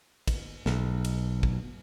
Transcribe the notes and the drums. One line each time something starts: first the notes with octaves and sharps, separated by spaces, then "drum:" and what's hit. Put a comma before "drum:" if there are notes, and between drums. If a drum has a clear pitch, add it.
drum: kick, cymbal
B1, drum: snare
drum: cymbal
drum: kick